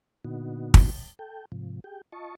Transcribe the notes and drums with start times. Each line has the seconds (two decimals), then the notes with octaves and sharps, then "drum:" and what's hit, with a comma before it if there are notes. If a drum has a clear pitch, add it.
0.25 A#2 D3 B3 D#4 F#4
0.74 drum: kick
1.19 A4 G5
1.52 G#2 C3 F3
1.84 G4 G#4 G5
2.12 F4 D#5 A5 C#6